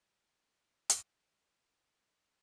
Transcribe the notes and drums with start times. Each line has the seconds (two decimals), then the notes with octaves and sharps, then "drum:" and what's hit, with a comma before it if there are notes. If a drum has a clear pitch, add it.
0.03 F#2 A2 D3 D#3
0.90 drum: hi-hat